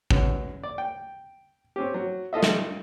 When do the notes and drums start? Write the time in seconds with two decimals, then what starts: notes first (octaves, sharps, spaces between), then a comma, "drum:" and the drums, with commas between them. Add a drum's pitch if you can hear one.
0.10 F#2 B3, drum: kick
0.63 D5
0.78 G5
1.76 C4 C#4 G4
1.94 F#3
2.33 F4 A4 D#5 E5
2.43 drum: snare